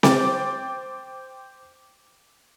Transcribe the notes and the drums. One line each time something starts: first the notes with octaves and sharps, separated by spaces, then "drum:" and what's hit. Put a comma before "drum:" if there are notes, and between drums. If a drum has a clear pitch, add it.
C5 G5 D6 A6, drum: snare C4